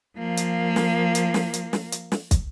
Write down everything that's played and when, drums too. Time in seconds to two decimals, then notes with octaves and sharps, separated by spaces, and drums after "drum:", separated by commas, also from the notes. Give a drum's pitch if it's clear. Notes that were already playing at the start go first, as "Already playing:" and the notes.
0.18 F3 A#3
0.37 drum: hi-hat
0.76 drum: snare
1.15 drum: hi-hat
1.34 drum: snare
1.54 drum: hi-hat
1.73 drum: snare
1.92 drum: hi-hat
2.12 drum: snare
2.31 drum: kick, hi-hat